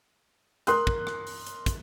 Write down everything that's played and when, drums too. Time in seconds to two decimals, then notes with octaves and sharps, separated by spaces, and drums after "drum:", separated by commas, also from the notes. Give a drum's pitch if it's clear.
0.67 A#4 C6 D#6 F#6, drum: hi-hat
0.87 drum: kick
1.07 drum: rim click
1.27 drum: open hi-hat
1.47 drum: hi-hat
1.66 drum: kick, hi-hat